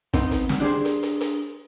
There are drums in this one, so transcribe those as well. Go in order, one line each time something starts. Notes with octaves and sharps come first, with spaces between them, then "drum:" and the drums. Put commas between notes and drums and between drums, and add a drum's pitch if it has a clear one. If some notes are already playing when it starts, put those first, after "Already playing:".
B3 C4 D#4, drum: kick, hi-hat
drum: hi-hat
drum: snare
D4 G4 G#4 C5
drum: hi-hat
drum: hi-hat
drum: hi-hat